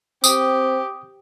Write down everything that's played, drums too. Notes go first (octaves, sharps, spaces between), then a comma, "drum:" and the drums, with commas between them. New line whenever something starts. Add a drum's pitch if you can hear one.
C4 G4 D#6, drum: tambourine